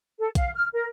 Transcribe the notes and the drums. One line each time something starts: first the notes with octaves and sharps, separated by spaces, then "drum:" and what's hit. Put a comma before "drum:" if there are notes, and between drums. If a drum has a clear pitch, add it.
A4
F5, drum: kick B1, hi-hat
F6
A#4